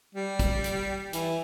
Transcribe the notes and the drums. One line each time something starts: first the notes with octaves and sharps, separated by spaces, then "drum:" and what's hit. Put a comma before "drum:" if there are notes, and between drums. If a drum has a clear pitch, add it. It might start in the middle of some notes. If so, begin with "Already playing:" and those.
G3
drum: kick, hi-hat
drum: hi-hat
E3, drum: hi-hat